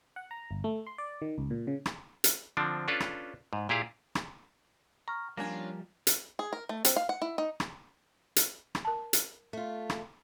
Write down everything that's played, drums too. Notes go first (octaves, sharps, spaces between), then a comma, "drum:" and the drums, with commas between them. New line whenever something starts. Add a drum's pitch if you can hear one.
F#5
A#5
G1
A3
C6
D5
D#3
C#2
A#2
C#3
drum: rim click
drum: hi-hat
D3 F3 C4 D4
C#4 D4 F4 A4 B4
drum: rim click
G#2
A#2 E4 G4 G#4 F5
drum: rim click
A#5 C#6 F6
F3 G3 A#3 C#4 D4 F4 G#5 A#6
drum: hi-hat
G#4
A#4
A3
C4, drum: hi-hat
F5
F#5
E4
D#4
drum: rim click
drum: hi-hat
drum: rim click
A#4 A5
drum: hi-hat
A3 F4
drum: rim click